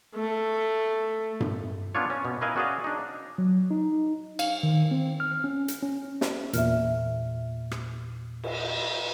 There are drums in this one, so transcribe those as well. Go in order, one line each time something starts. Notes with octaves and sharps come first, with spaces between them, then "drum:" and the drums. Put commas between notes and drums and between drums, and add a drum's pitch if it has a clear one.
A3
drum: tom G2
B3 C#4 D4 F4 C#5
C#4
B2
E4 A#4 B4 D#5 F5 G#5
C#4 F#4 G#4 D5 D#5 F5
D4 D#4
F#3
D#4
F5, drum: cymbal
D#3
C4
F6
C#4
drum: hi-hat
C#4
drum: snare
E2 A#2 E5 F6, drum: hi-hat
drum: rim click
drum: cymbal